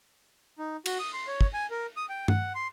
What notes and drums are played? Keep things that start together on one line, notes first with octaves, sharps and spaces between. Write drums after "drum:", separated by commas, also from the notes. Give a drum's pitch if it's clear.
D#4
F#4, drum: cymbal
D#6
C6
C#5
drum: kick
G#5
A#4
D#6
G5
F#5, drum: tom G2
C6